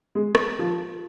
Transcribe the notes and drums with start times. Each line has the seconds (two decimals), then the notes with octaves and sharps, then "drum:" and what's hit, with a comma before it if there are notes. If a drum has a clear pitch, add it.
0.15 G#3
0.35 drum: rim click
0.59 F3